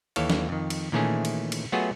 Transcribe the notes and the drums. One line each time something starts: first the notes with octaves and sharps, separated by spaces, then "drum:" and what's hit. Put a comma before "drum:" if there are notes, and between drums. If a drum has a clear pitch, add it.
D#2 E3 A4 C#5 F5, drum: cymbal
drum: snare
F2 D#3
drum: cymbal
A#2 D#3 E3 A3 C#4 G#4
drum: cymbal
drum: cymbal
F#3 A3 B3 F4 F#4 G#4